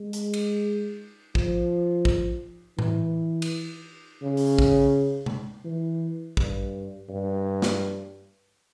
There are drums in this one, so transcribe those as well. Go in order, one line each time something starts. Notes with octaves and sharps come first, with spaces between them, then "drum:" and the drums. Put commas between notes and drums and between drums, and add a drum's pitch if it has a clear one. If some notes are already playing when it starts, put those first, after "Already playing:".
Already playing: G#3
drum: hi-hat
drum: cymbal
F3, drum: kick
drum: kick
E3, drum: tom A2
drum: cymbal
C#3
drum: open hi-hat
drum: kick
drum: tom C3
E3
G2, drum: kick
G2
drum: snare